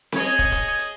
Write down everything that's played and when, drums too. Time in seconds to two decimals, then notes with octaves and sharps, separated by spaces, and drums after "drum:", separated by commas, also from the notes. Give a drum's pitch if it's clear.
0.12 G#4 C#5 D#5 G#5, drum: snare C4
0.26 drum: hi-hat
0.39 drum: kick
0.52 drum: kick, hi-hat
0.79 drum: hi-hat